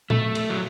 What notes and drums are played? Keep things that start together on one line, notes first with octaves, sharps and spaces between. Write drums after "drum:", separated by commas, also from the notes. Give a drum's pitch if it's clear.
A3, drum: tom A#2
drum: cymbal
F#3